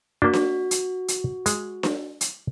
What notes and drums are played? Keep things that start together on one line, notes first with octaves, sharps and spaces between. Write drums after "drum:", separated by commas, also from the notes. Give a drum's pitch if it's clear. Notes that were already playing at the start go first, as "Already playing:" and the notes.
A#3 D4 F#4
drum: snare D4
drum: hi-hat
drum: hi-hat
G#3, drum: hi-hat
drum: snare D4
drum: hi-hat